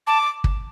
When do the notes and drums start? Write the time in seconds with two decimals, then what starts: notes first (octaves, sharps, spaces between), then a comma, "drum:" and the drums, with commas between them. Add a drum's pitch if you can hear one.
0.07 A5 D6
0.44 drum: kick